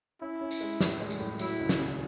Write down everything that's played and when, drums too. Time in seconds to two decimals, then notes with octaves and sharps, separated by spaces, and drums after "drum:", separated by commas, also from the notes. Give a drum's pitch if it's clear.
0.21 C#4 E4
0.41 C#4
0.51 drum: tambourine
0.61 G#3
0.80 A2, drum: snare
1.00 G#3
1.10 drum: tambourine
1.20 A2
1.39 F#3 E4, drum: tambourine
1.59 C#2
1.69 drum: snare
1.79 C#3